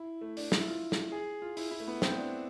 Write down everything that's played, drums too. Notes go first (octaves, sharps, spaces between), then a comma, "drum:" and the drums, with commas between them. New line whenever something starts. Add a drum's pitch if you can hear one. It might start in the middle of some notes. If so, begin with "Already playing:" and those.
Already playing: E4
A3
D4, drum: open hi-hat
E4, drum: snare
F4
drum: snare
G#4
F4
E4, drum: open hi-hat
E4
A3
B3
C4, drum: snare
D4